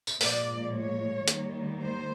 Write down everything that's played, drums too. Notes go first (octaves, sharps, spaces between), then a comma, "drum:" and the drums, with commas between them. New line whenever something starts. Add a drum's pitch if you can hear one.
drum: tambourine
A#2 F3 G#3 D5, drum: open hi-hat
C#5
D#2 D#3 G3, drum: hi-hat
C5